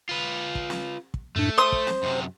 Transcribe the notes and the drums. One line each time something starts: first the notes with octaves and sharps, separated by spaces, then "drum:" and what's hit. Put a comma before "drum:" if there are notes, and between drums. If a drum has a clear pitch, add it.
F4 B4
drum: kick
drum: snare
drum: kick
F#2 A2 A3 D4
C5 C6 D#6
drum: kick
drum: snare
F#2 C3